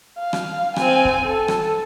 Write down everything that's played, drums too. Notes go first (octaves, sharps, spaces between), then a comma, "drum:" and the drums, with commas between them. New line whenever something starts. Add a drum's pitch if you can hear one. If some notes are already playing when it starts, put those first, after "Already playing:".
F5
drum: rim click
C4 G#5, drum: rim click
drum: kick
A4
drum: rim click